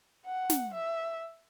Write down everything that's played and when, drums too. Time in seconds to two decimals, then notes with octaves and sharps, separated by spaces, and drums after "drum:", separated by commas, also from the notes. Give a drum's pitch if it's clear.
0.26 F#5
0.50 drum: snare
0.74 E5